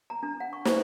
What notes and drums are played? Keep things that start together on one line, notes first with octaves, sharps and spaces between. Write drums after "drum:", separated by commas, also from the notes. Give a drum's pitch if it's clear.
A#5
D4
F#5
C#6
C5, drum: snare